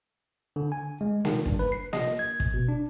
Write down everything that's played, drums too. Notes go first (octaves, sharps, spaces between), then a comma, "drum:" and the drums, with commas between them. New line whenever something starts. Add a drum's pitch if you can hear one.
D3
G#5
G#3
D#3, drum: snare A#3
G2, drum: kick
B4
C7
D#5, drum: snare A#3
G#6
drum: kick
B2
D4